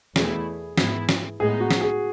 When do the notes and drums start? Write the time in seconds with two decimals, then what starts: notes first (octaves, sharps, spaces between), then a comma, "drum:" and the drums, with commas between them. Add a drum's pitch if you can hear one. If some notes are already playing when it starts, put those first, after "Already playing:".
0.16 E2 B2 A3 E4 G#4, drum: snare
0.78 G#2 E3 B3 E4, drum: snare
1.09 drum: snare
1.39 A2 G#3 B3 D#4 G#4
1.60 F#4
1.71 drum: snare
1.81 G#4